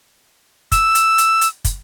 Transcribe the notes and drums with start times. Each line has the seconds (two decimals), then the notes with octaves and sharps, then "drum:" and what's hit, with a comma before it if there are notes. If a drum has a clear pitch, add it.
0.72 E6, drum: kick, hi-hat
0.95 drum: hi-hat
1.18 drum: hi-hat
1.41 drum: hi-hat
1.65 drum: kick, hi-hat